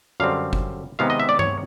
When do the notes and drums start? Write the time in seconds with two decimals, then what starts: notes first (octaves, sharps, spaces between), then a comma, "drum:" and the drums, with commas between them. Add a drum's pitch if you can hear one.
0.20 F#2 D3 G3 C4 F5
0.53 drum: kick
0.99 C3 D#3 G#3 B3 F5
1.10 D#5
1.20 E5
1.29 D5
1.39 C#5, drum: tom G2